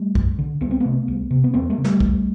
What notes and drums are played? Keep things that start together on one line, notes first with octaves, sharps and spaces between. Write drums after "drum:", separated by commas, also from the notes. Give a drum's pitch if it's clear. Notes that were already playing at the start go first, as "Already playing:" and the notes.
Already playing: G3 A3
F#2, drum: kick B1
D3
C2 B3
C4
C3 A3 B3
C2
C3
B3
E2 A#3 C4
G#3 A#3
C#3
G3 A3, drum: snare
E2, drum: kick B1